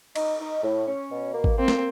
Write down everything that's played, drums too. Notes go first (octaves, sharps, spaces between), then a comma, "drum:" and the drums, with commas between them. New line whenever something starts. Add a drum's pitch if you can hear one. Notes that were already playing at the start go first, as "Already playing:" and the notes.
D#4, drum: cymbal
D#4
A2
C#4
B2
A#3
drum: kick G#1
A#3 C4
drum: snare